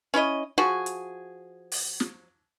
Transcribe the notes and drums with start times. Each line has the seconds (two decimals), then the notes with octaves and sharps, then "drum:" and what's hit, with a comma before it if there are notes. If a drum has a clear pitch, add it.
0.14 C#4 E4 C#5 D#5
0.58 F3 F#4 G#4
0.86 drum: hi-hat
1.72 drum: open hi-hat
2.00 drum: snare